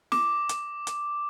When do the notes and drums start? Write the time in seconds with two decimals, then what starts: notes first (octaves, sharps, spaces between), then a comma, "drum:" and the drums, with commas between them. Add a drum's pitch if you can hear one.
0.12 D6, drum: snare
0.49 drum: hi-hat
0.87 drum: hi-hat